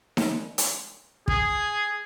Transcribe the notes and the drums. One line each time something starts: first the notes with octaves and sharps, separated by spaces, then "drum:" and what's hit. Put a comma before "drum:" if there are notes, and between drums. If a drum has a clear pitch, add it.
drum: snare D#4
drum: hi-hat
G#4, drum: kick